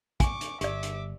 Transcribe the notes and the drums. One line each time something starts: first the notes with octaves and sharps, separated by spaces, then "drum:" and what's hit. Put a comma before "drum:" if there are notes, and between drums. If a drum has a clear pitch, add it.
G#5 C#6 D6, drum: kick, hi-hat
drum: hi-hat
G1 G4 D5 E5 D6, drum: hi-hat
drum: hi-hat